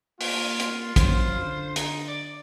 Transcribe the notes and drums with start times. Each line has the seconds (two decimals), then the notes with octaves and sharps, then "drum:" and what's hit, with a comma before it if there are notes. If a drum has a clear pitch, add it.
0.21 A#3 F4, drum: open hi-hat
0.60 C6, drum: hi-hat
0.96 F#2 C5, drum: kick, hi-hat
1.39 D3
1.76 D#4, drum: hi-hat
2.08 D5